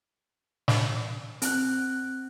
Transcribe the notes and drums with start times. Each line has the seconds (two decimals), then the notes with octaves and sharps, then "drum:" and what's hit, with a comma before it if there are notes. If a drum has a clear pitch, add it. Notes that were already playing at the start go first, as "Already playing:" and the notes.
0.68 drum: snare
1.42 C4 F#6, drum: hi-hat